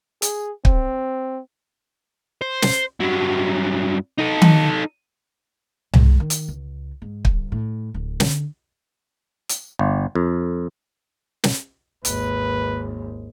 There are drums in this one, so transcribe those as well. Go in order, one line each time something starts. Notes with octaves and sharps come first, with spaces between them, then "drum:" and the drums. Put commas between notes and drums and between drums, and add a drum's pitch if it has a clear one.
G#4, drum: hi-hat
C4, drum: kick
C5
drum: snare
G2 F#3
D#4 A4
drum: tom D#3
G#2, drum: tom C2
D#3
drum: hi-hat
C#2
G#2
G1, drum: kick
A2
D1
D3, drum: snare
drum: hi-hat
G1
F2
drum: snare
G#1 D#2 B4, drum: hi-hat